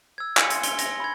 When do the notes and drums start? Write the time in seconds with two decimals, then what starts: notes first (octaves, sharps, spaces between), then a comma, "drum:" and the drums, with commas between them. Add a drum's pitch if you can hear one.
0.18 E6 G#6
0.37 G#5 C#7, drum: clap
0.50 C6 G#6, drum: hi-hat
0.63 G7, drum: hi-hat
0.79 A#6, drum: hi-hat
1.00 B5 G#6